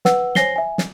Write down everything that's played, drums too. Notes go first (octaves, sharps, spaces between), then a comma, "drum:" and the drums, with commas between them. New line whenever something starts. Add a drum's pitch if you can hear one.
B4 F#5 E6, drum: snare
C5 C#5 G#5 A#6 C7 G7, drum: snare
E5 G#5
drum: snare